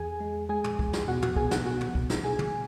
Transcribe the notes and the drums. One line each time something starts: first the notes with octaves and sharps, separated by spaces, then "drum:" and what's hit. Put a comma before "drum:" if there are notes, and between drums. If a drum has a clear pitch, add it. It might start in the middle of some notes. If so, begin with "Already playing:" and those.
Already playing: E2 G#4 G#5
G#3
G#3 G#4 G#5
drum: tom
E2, drum: kick
drum: snare
B2 F#4 F#5
F#4 F#5, drum: tom
B3 G#4 G#5, drum: kick
F#4 F#5, drum: snare
B2 F#4 F#5
drum: tom
B2, drum: kick
drum: snare
B2 G#4 G#5
drum: tom